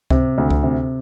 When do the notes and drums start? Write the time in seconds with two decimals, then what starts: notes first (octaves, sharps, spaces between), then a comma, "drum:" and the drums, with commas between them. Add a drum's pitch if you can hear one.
0.10 C3, drum: kick C#2
0.38 D2
0.50 drum: kick C#2
0.63 C3